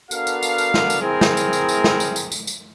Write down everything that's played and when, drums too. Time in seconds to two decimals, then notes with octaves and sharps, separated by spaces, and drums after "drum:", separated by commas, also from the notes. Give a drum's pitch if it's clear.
0.11 B3 D4 F#4 A4 A#4 F5, drum: tambourine
0.27 drum: tambourine
0.43 drum: tambourine
0.58 drum: tambourine
0.74 drum: snare
0.90 drum: tambourine
1.01 C4 E4 G#4 A#4
1.21 drum: snare
1.37 drum: tambourine
1.53 drum: tambourine
1.69 drum: tambourine
1.84 drum: snare
2.00 drum: tambourine
2.16 drum: tambourine
2.32 drum: tambourine
2.47 drum: tambourine